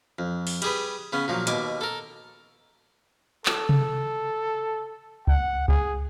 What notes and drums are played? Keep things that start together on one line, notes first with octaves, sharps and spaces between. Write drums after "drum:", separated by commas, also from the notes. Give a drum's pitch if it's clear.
F2
drum: open hi-hat
G3 G#4 B4, drum: cymbal
C#3 B3 C#4
A#2 F3 F#3
D#2 B2 G#5 D6, drum: hi-hat
A4 A#4
A4, drum: clap
drum: tom C3
F#5, drum: kick C#2
G#4, drum: kick C#2